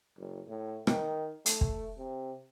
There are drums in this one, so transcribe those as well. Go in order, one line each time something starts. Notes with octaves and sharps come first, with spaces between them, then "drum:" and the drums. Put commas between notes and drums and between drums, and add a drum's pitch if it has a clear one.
F#1
A2
D#3, drum: rim click
A3, drum: hi-hat
drum: kick
C3